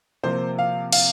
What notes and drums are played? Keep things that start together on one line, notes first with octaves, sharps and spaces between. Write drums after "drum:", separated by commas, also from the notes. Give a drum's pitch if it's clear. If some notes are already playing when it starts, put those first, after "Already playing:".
C3 F3 A#3 C5
F5
F5, drum: cymbal